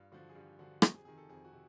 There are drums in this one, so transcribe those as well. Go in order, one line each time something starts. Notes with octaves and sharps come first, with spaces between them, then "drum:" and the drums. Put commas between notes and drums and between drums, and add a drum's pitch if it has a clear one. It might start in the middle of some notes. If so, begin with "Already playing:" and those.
Already playing: G2 F4
D3 F3 F#4
G#4
G2 G4
D3 F3 F#4
F2 G4, drum: rim click
G#4
C3 D#3 G#4
A4
F2 G#4
F#4
C3